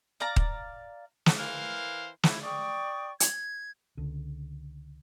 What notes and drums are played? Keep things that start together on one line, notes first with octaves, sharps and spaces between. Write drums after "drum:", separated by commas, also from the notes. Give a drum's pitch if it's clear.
D5 F5 A#5
drum: kick D#1
drum: snare
E3 A#4 C5 F5
E4, drum: snare
D5 G5 C#6 D#6
G#6, drum: hi-hat
C#2 D3